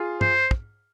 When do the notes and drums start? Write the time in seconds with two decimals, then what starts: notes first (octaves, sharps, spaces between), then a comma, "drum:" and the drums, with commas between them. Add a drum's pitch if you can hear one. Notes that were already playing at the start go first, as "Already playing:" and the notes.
Already playing: F4 G#4
0.21 C5, drum: tom G2
0.51 drum: kick